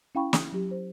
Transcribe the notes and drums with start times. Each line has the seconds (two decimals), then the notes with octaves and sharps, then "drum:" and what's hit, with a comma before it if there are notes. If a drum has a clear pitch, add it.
0.15 C#4 E4 F5 G5 B5 C#6
0.33 D#6, drum: snare
0.52 F#3 G4
0.71 C5